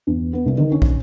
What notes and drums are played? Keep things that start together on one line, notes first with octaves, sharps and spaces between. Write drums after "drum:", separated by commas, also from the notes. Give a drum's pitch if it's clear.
E2
B3
C2
D#3
C#4
drum: kick